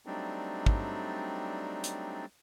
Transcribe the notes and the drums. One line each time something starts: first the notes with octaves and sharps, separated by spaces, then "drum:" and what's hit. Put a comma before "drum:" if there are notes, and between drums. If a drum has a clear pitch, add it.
F#3 G3 A3 C4 D4 D#4
drum: kick
drum: hi-hat